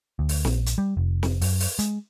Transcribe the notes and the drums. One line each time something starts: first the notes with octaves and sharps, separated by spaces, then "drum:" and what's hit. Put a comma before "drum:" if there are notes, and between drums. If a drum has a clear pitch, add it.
D2
drum: open hi-hat
A#1, drum: snare
drum: hi-hat
G3
F1
drum: snare
F#2, drum: open hi-hat
drum: open hi-hat
G#3, drum: hi-hat